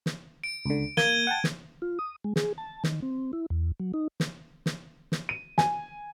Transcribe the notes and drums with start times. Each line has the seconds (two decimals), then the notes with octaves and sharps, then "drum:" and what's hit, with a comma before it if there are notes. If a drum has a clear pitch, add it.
0.06 drum: snare
0.44 D7
0.66 C#2 D3
0.97 A#3 G#6 D#7 G7, drum: snare
1.27 F#5 G5 A5
1.44 drum: snare
1.82 F4
1.99 D#6
2.24 G#3
2.36 G#4, drum: snare
2.58 A5
2.84 D#3, drum: snare
3.02 C4
3.33 E4
3.50 E2
3.80 F#3
3.94 D#4
4.20 drum: snare
4.66 drum: snare
5.12 drum: snare
5.29 D#7
5.58 G#5, drum: snare